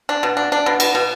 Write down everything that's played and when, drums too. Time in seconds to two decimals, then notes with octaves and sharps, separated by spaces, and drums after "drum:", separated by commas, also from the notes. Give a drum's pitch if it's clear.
0.09 D4
0.23 B2
0.37 D4
0.52 D4
0.66 B2
0.80 B2, drum: cymbal
0.95 B2